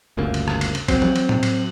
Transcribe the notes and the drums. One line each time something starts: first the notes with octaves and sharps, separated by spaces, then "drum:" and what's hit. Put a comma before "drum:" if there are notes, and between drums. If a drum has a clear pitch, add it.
G1 D2 C#3 A#3
drum: cymbal
drum: rim click
drum: cymbal
drum: cymbal
F#3 C4, drum: kick, cymbal
drum: tom E3
drum: cymbal
drum: tom A2
drum: cymbal